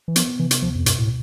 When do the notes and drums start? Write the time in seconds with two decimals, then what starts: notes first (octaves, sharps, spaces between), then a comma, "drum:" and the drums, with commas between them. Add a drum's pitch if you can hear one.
0.08 E3
0.16 F3 B3, drum: hi-hat
0.39 C3 E3
0.51 drum: hi-hat
0.62 D2 F3
0.75 F2
0.86 G2 B2, drum: hi-hat
0.98 A2